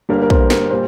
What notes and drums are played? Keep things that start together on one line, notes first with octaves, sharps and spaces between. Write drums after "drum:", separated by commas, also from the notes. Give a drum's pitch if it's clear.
G1 G2 D3 G3 A#3 A#4
A#4
C5, drum: kick
A#4, drum: snare
A#2 G3 C5